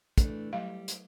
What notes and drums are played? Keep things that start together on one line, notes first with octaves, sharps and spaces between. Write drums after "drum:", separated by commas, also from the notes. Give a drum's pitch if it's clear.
E3 A3 D4, drum: kick, hi-hat
F#3 G3 F5
drum: hi-hat